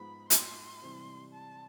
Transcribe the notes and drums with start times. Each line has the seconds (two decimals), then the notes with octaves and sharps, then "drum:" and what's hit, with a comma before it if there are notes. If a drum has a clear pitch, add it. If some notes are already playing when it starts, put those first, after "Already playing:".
Already playing: G#2 F3 G#3 B3 D#4 B5
0.30 C6, drum: hi-hat
0.82 C3 E3 G3 C4
1.33 A5